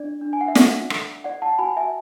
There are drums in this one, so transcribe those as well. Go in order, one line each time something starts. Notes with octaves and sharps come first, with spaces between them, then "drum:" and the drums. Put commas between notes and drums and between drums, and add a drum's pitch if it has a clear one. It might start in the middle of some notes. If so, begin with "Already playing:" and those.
Already playing: D4 D5
D4
G#5
F#5
E5
A4 D5, drum: snare
A4, drum: rim click
D5 F#5
F#5 A5
F#4 G#5 B5
E5 G#5